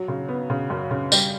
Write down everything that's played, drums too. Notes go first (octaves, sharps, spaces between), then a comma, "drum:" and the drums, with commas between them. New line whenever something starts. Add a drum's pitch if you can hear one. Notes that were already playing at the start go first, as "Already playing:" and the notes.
Already playing: F#3
C#3
B3
C#3
F#2
C#3
G3, drum: tambourine